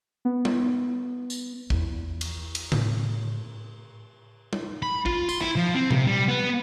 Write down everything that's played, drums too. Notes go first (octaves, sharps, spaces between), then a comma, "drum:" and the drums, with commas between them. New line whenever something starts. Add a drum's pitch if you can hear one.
B3
drum: tom G3
drum: tambourine
E2 F3, drum: kick
drum: cymbal
drum: cymbal
A2, drum: tom C#3
drum: tom G3
B5
F4, drum: kick
C6, drum: tambourine
E4
F3
C4
C3, drum: tom A#2
G3
B3